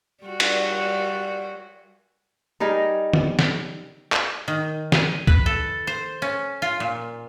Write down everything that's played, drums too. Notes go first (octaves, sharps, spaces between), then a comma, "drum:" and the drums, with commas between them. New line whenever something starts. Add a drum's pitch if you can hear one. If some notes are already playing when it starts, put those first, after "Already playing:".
G3 F#4
drum: cymbal
G3 D#4 G#4 A#4
drum: tom D3
drum: snare
drum: clap
D#3
G#5, drum: snare
B4, drum: kick
A4
C5
C#4
F4
A#2